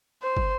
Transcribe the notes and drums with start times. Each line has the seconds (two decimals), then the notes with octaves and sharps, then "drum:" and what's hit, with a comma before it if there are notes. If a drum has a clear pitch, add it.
0.23 C5
0.37 drum: kick